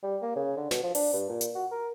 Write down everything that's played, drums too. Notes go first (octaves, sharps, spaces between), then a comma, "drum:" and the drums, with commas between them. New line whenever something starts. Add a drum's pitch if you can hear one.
G3
A#3
C#3
D3
B2, drum: snare
F3
D4, drum: open hi-hat
G2
A#2
drum: hi-hat
F#4
A#4